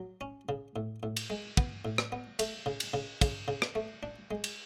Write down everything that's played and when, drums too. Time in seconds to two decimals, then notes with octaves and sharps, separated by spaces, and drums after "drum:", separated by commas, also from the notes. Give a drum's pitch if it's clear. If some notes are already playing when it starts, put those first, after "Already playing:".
Already playing: F#3
0.21 C#4
0.49 C#3
0.76 A2
1.03 A2
1.16 drum: cymbal
1.30 G#3
1.57 B3, drum: kick
1.85 A2
1.98 drum: rim click
2.12 B3
2.39 A3, drum: cymbal
2.66 C#3
2.80 drum: cymbal
2.94 C#3
3.21 C#3, drum: kick, cymbal
3.48 C#3
3.62 drum: rim click
3.75 A3
4.03 D4
4.31 G#3
4.44 drum: cymbal